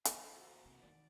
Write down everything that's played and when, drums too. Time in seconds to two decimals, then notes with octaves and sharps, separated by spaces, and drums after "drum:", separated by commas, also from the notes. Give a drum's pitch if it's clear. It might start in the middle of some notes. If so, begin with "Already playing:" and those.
0.05 C5 F5, drum: hi-hat
0.18 E2 A#3
0.37 F#4
0.65 C3
0.83 D#3 D5